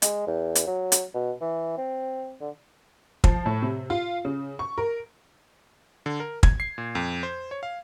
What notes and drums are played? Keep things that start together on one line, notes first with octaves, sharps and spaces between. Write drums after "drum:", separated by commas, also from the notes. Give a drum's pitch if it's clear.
G#3, drum: hi-hat
E2
drum: hi-hat
F#3
drum: hi-hat
B2
E3
C4
D3
F3, drum: kick
A2
C3
F4
C#3
C#6
A#4
D3
A#4
G#6, drum: kick
C7
A#2
F2
C5
C#5
F5